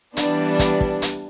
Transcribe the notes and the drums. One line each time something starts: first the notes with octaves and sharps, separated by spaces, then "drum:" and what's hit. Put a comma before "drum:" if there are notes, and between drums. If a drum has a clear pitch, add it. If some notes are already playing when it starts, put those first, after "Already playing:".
E3 G3 B3 D4, drum: hi-hat
drum: kick, hi-hat
drum: kick
drum: hi-hat